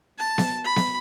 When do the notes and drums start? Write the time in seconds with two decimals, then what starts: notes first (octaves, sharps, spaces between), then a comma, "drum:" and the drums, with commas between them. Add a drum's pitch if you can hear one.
0.19 A5
0.38 drum: snare B3
0.65 B5
0.76 drum: snare B3